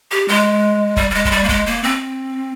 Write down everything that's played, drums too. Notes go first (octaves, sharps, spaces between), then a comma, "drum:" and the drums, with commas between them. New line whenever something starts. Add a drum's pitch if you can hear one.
G4
G#3
G3, drum: kick
G3
G#3
G#3, drum: kick
G3
A#3
G#3, drum: kick
A#3
C4